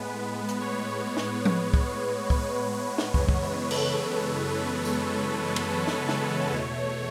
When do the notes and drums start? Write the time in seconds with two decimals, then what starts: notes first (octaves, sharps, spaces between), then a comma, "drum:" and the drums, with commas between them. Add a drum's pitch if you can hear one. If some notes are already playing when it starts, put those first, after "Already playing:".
Already playing: A2 G#3 B3 B4
0.49 drum: hi-hat
0.61 C#5
1.17 drum: snare
1.45 C#5, drum: tom F3
1.74 B4, drum: kick
2.30 B4, drum: kick
2.72 B4
2.98 drum: snare
3.14 F#2 C#3 E3 G#3 B3 C#5, drum: kick
3.29 drum: kick
3.42 B4
3.71 A4, drum: cymbal
3.99 C#5
4.85 drum: tambourine
5.56 drum: cymbal
5.68 C#5
5.88 drum: snare
6.09 drum: snare
6.53 E2 B2 A3